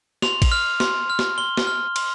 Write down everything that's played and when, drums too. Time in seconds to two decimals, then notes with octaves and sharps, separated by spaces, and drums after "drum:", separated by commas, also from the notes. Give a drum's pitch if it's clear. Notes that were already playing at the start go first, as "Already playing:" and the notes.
0.22 C6 F7, drum: snare
0.42 drum: kick A1, cymbal
0.52 F6
0.80 C6, drum: snare
1.10 F6
1.19 drum: snare
1.38 C6 G7
1.57 drum: snare
1.67 F6
1.96 C6, drum: cymbal